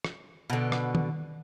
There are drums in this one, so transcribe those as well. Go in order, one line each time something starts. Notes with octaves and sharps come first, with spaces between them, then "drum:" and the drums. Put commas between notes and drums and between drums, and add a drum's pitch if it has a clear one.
drum: rim click
B2 D3
drum: rim click
drum: tom D#3